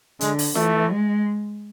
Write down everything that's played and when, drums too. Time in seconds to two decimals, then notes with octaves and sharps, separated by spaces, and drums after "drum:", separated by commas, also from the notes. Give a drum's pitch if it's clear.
0.21 D3 G#3, drum: hi-hat
0.39 drum: open hi-hat
0.55 E3 A3, drum: snare F4
0.90 G#3